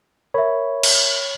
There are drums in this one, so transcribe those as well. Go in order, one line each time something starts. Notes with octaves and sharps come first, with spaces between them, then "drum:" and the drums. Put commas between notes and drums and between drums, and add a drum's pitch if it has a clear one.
A#4 C#5 E5 B5
drum: cymbal